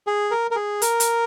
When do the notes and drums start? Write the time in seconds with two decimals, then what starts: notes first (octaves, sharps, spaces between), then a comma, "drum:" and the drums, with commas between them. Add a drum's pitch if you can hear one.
0.07 G#4
0.31 A#4
0.51 A#4
0.56 G#4
0.82 A#4, drum: hi-hat
1.00 drum: hi-hat